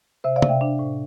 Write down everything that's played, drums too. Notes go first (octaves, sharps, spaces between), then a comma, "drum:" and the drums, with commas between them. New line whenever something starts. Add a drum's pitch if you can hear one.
C3 C5 E5
D5 F5
C3, drum: tom C3
E5 G5
D4
A2